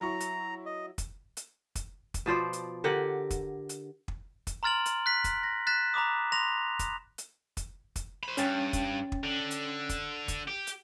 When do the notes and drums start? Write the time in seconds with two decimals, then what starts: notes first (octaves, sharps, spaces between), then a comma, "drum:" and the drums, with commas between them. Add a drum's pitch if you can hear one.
0.01 F#3 E4 A#5 C#6
0.20 drum: hi-hat
0.66 D#5
0.98 drum: kick, hi-hat
1.37 drum: hi-hat
1.75 drum: kick, hi-hat
2.14 drum: kick, hi-hat
2.26 B2 F3 C5 D5
2.53 drum: hi-hat
2.84 D3 G4 A#4 F#5
3.30 drum: kick, hi-hat
3.69 drum: hi-hat
4.08 drum: kick
4.47 drum: kick, hi-hat
4.63 A#5 C6 F6 A6 D7 F#7
4.86 drum: hi-hat
5.06 F#6 B6
5.24 drum: kick, hi-hat
5.43 A#6
5.67 F#6 A6 B6 E7
5.94 A#5 B5 D6 D#6
6.32 B5 C6 A#6 F7
6.79 drum: kick, hi-hat
7.18 drum: hi-hat
7.57 drum: kick, hi-hat
7.96 drum: kick, hi-hat
8.23 C5 B5
8.37 G2 C#4 G5 A6, drum: hi-hat
8.73 drum: kick, hi-hat
9.12 drum: kick
9.24 D3
9.51 drum: hi-hat
9.89 drum: kick, hi-hat
10.28 drum: kick, hi-hat
10.47 G4
10.67 drum: hi-hat